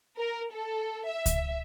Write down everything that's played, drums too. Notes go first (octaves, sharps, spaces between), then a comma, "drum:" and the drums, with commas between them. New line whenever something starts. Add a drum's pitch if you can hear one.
A#4
A4
E5
drum: kick C#2, hi-hat